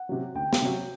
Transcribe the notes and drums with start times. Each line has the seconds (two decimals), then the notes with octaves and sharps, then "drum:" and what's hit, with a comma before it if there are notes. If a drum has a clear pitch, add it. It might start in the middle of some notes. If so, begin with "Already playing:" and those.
Already playing: F#5
0.09 C3 F#3
0.35 D2 G5
0.53 drum: snare
0.62 C3 F#3